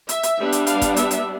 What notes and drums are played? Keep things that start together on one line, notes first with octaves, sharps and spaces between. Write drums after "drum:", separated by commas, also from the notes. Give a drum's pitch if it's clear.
E5, drum: hi-hat
drum: hi-hat
G3 B3 D4
drum: hi-hat
F5, drum: hi-hat
drum: kick, hi-hat
E5, drum: hi-hat
drum: hi-hat